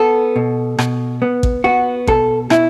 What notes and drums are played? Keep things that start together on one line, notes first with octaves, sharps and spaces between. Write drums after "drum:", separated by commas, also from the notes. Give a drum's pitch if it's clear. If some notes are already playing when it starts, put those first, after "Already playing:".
Already playing: B3 A4
B2
B2, drum: rim click
B3
drum: kick A1
B3 F#4
B2 A4, drum: kick A1
B2 E4, drum: rim click